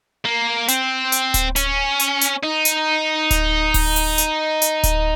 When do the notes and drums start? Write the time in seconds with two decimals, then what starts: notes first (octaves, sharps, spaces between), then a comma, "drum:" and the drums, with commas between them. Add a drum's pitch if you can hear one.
0.25 A#3
0.68 C4, drum: hi-hat
1.12 drum: hi-hat
1.34 drum: kick D1, hi-hat
1.56 C#4, drum: hi-hat
1.99 drum: hi-hat
2.21 drum: hi-hat
2.43 D#4
2.65 drum: hi-hat
3.31 drum: kick D1, hi-hat
3.74 drum: kick D1, open hi-hat
3.96 drum: open hi-hat
4.18 drum: hi-hat
4.62 drum: hi-hat
4.83 drum: kick D1, hi-hat